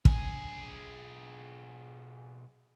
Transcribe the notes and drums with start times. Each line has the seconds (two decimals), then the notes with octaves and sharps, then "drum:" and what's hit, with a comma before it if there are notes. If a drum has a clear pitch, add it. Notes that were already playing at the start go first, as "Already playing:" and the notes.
0.05 B1 G#4, drum: kick